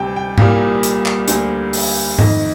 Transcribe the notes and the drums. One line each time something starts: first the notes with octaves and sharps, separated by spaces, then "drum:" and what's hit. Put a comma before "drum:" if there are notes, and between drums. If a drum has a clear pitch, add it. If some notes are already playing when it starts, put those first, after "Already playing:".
Already playing: D2 C3 G3 G5 A5
G5
C2 A#2 G3 A#3 F5, drum: tom G#2
drum: hi-hat
drum: clap
D2 D3 G3 A#3, drum: hi-hat
drum: open hi-hat
F2 D#3 A3 D#5, drum: tom G#2